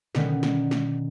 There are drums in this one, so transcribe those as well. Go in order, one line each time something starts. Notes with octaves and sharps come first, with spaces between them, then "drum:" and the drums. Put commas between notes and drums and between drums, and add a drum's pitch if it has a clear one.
B2 D3 D#3 B3 C#4 D#4, drum: snare
drum: snare
drum: snare